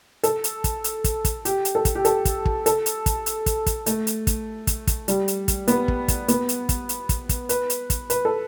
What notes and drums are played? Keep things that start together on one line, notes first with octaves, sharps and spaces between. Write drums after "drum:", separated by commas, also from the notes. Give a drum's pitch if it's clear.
A4, drum: hi-hat
drum: hi-hat
drum: kick, hi-hat
drum: hi-hat
drum: kick, hi-hat
drum: kick, hi-hat
G4, drum: hi-hat
drum: hi-hat
A4
drum: kick, hi-hat
G4
A4, drum: hi-hat
drum: kick, hi-hat
drum: kick
A4, drum: hi-hat
drum: hi-hat
drum: kick, hi-hat
drum: hi-hat
drum: kick, hi-hat
drum: kick, hi-hat
A3, drum: hi-hat
drum: hi-hat
drum: kick, hi-hat
drum: kick, hi-hat
drum: kick, hi-hat
G3, drum: hi-hat
drum: hi-hat
drum: kick, hi-hat
B3, drum: hi-hat
drum: kick
drum: kick, hi-hat
B3, drum: hi-hat
drum: hi-hat
drum: kick, hi-hat
drum: hi-hat
drum: kick, hi-hat
drum: kick, hi-hat
B4, drum: hi-hat
drum: hi-hat
drum: kick, hi-hat
B4, drum: hi-hat
A4